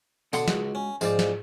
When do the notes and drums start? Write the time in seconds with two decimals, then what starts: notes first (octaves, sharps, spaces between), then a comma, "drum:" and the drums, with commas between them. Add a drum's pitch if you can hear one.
0.33 B2 D3 F#5 C6, drum: tambourine
0.48 C#2 G#3 F#4, drum: snare
0.75 C#4
1.01 F2 G#2 F3 D5, drum: tambourine
1.19 drum: snare